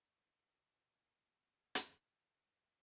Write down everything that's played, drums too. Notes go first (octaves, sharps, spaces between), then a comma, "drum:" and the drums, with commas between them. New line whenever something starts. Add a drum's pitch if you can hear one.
A2 C3 F3 A#3
drum: hi-hat